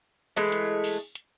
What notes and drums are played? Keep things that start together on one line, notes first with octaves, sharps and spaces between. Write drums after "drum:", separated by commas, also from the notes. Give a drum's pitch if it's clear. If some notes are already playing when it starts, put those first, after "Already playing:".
E3 G#3 A3
drum: hi-hat
drum: open hi-hat
drum: hi-hat